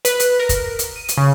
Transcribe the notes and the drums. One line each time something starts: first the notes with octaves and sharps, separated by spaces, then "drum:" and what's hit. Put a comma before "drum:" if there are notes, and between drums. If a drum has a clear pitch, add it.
B4, drum: hi-hat
drum: hi-hat
A#4
drum: kick, hi-hat
drum: hi-hat
D#7
drum: hi-hat
C#3